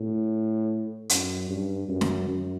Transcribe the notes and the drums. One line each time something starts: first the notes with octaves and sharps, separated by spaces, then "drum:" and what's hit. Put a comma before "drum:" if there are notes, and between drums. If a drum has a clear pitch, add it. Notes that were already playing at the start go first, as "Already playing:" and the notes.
Already playing: A2
F#2, drum: hi-hat
G2
F#2
drum: snare
F#2